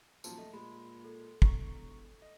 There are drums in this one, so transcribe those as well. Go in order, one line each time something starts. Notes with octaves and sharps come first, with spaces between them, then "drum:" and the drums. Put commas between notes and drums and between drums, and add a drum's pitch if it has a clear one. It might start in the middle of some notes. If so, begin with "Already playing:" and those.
D#1 A#2 F3 F#3 A5, drum: tambourine
A3 D#5
A#2 G#3 B5
A4
E1 A#5 C#6, drum: kick
D#5